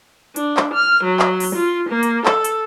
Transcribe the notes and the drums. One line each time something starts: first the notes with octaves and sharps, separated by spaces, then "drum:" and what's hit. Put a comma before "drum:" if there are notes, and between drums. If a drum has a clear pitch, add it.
D4, drum: hi-hat
drum: clap
F6
F#3
drum: clap
drum: open hi-hat
F4
A#3
drum: hi-hat
A4, drum: clap
drum: hi-hat